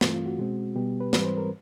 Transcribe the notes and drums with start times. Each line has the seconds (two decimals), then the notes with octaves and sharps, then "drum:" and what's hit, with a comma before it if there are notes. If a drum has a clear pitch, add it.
0.01 G2 E3 A3 C4 F4, drum: snare
0.14 F4
0.26 F#4
0.38 B2 G#3 C4
0.76 B2 G3 B3 G4
1.00 B4
1.13 G#2 E3 G3 C4 B4, drum: snare
1.25 C5
1.37 A#4